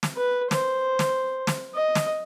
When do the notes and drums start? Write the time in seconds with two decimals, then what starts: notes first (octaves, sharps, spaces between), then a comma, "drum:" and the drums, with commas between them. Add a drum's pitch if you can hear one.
0.03 drum: snare
0.17 B4
0.51 C5, drum: snare
0.99 drum: snare
1.47 drum: snare
1.75 D#5
1.95 drum: snare